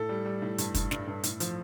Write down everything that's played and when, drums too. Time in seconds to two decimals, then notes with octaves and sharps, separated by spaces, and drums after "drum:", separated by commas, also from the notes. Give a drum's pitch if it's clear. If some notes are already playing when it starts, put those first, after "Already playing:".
Already playing: A2 A4
0.09 G3
0.25 G3
0.42 A2
0.58 G2, drum: hi-hat
0.74 G2, drum: kick, hi-hat
0.91 G2, drum: snare
1.07 G2
1.23 A2, drum: hi-hat
1.40 F3, drum: hi-hat